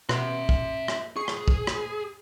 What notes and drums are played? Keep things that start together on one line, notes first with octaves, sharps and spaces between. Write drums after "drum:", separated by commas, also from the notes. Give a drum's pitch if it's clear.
B2 E5 C6, drum: rim click
drum: kick
drum: rim click
G#4 C#6 C7
drum: rim click
drum: kick
drum: rim click